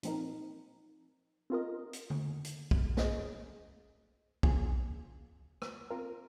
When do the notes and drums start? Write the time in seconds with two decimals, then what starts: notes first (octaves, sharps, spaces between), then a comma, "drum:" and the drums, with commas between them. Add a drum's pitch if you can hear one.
0.03 A#2 F3 C4 D#4 A#4, drum: hi-hat
1.50 C4 F4 A#4 D#5
1.93 drum: hi-hat
2.10 drum: tom D3
2.45 drum: hi-hat
2.71 drum: kick B1
2.97 G#3 C#4 G#4 D#5, drum: snare
4.43 C#3 F3 A#3 F4 G#4, drum: kick B1
5.62 drum: rim click
5.90 C4 F4 A#4